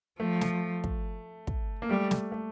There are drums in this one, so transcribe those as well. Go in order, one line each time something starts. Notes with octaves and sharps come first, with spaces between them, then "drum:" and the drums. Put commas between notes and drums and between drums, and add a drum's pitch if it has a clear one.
F3 A3
drum: snare
drum: kick
drum: kick
A#3
G3 A3
drum: snare
A3